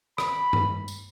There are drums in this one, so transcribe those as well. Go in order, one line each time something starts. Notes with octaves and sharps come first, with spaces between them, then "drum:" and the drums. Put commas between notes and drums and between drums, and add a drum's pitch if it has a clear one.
B5, drum: rim click
drum: tom G2
drum: tambourine